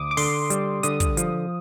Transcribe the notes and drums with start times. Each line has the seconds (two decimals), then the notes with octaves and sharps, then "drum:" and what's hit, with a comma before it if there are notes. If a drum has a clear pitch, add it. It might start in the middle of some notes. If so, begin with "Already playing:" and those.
Already playing: D2 D6 D#6
0.11 D6
0.17 D3 C6, drum: open hi-hat
0.50 G3, drum: hi-hat
0.83 D3 D#6, drum: hi-hat
1.00 drum: kick, hi-hat
1.17 F3, drum: hi-hat